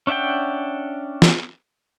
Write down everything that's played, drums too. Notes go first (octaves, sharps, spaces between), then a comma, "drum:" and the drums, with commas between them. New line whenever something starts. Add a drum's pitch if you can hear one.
C#4 D4 E5 F#5 G5
drum: snare